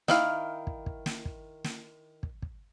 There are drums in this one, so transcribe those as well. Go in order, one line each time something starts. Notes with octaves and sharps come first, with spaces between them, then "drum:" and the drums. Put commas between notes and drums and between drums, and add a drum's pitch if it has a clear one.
D#3 E4 F5, drum: snare
drum: kick
drum: kick
drum: snare
drum: kick
drum: snare
drum: kick
drum: kick